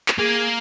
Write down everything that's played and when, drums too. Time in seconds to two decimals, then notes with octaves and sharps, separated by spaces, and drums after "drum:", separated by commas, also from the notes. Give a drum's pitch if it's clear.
0.08 drum: clap
0.18 A#3 G#4